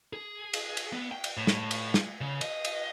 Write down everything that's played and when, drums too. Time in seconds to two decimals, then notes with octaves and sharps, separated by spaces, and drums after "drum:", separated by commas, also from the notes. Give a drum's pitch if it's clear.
0.13 G#4
0.54 drum: cymbal
0.77 drum: cymbal
0.93 B3
1.11 G5
1.24 drum: cymbal
1.37 A2
1.47 drum: snare
1.71 drum: cymbal
1.94 drum: snare
2.21 C#3
2.41 D#5, drum: cymbal
2.65 drum: cymbal